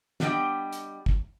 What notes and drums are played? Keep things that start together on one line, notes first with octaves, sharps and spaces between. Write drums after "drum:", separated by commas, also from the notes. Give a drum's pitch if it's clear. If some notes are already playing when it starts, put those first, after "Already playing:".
G3 B3 D4 G4 D#5 G5, drum: snare
drum: hi-hat
drum: kick